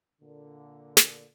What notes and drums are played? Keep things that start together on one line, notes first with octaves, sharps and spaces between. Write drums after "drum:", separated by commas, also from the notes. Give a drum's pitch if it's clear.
A#2 D3
drum: snare